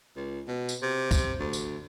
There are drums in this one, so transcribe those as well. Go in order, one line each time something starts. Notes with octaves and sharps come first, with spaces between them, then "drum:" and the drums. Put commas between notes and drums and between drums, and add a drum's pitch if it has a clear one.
C#2
B2
drum: tambourine
C3
drum: kick, tambourine
D2
drum: tambourine